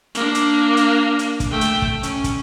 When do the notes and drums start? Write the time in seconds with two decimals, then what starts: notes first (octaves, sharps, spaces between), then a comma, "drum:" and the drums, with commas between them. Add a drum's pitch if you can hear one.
0.15 A#3 D4, drum: hi-hat
0.35 drum: hi-hat
0.77 drum: hi-hat
1.19 drum: hi-hat
1.40 drum: kick, hi-hat
1.51 A3 G5
1.61 drum: hi-hat
1.82 drum: kick
2.03 C#4, drum: hi-hat
2.24 drum: kick, hi-hat